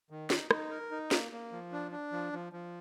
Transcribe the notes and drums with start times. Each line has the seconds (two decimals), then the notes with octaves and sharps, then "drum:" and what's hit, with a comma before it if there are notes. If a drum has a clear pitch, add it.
0.10 D#3
0.30 D#4, drum: snare
0.51 D#4, drum: rim click
0.71 A#4
0.91 D#4
1.11 A#3, drum: snare
1.32 A#3
1.52 F3
1.72 D4
1.92 D4
2.12 F3
2.33 F3
2.53 F3